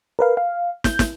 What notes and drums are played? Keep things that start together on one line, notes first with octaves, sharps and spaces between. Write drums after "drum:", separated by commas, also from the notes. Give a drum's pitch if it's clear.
A#4 B4 F5
F5
G6, drum: snare
drum: snare